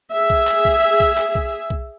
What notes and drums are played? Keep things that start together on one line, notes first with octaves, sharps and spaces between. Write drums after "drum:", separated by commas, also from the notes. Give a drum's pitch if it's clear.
G#4 E5
drum: kick B1
drum: clap
drum: kick B1
drum: kick B1
drum: clap
drum: kick B1
drum: kick B1